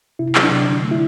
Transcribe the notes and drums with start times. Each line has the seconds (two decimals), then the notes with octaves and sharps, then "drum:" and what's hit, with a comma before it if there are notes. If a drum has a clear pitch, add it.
0.19 C3 E4
0.35 F#3, drum: clap
0.43 D4
0.51 C3
0.67 D3
0.84 A3
0.91 E4